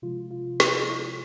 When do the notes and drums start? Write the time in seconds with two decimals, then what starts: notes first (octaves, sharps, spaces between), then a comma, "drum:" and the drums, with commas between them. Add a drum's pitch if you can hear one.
0.02 C3 F3 G#3 F4
0.31 F4
0.60 E4, drum: snare
0.89 E4